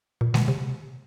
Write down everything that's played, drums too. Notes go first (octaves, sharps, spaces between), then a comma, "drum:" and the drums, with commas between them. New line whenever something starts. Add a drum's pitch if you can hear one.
A#2
B2, drum: snare G#3
C3